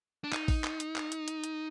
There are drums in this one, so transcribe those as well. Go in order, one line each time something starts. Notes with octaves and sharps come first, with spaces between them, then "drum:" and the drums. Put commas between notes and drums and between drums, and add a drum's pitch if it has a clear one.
D4
D#4, drum: clap
drum: kick A1, open hi-hat
drum: clap
drum: hi-hat
drum: clap
drum: hi-hat
drum: hi-hat
drum: hi-hat